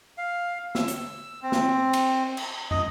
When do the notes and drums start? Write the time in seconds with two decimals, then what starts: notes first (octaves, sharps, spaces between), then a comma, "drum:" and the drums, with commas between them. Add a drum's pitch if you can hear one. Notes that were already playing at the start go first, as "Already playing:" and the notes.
0.18 F5
0.75 E6, drum: snare
0.88 drum: hi-hat
1.42 C4
1.52 drum: snare
1.93 drum: cymbal
2.37 drum: cymbal
2.71 D#5, drum: tom